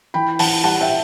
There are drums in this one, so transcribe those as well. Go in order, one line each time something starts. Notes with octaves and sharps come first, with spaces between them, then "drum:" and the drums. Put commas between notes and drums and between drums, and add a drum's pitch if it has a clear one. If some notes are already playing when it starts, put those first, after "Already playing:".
E3 G5 B5
E3 F#5 A5, drum: open hi-hat
G3 F#5 A5
E5 G5